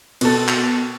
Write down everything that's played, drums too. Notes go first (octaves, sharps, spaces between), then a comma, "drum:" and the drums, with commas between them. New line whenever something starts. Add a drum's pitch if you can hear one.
B2 A4, drum: cymbal
drum: clap